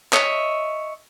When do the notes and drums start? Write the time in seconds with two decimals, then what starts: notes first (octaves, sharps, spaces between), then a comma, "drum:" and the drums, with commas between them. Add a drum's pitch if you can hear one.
0.13 C#5 D#5 E5, drum: clap